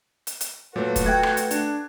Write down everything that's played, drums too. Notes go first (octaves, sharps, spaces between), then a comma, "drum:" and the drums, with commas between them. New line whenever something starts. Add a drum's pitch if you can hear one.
drum: hi-hat
drum: hi-hat
A#2 F#3 A3 F#4 A4 B4
drum: kick, hi-hat
A3 G5 F#6 G#6
drum: rim click
drum: hi-hat
D4, drum: hi-hat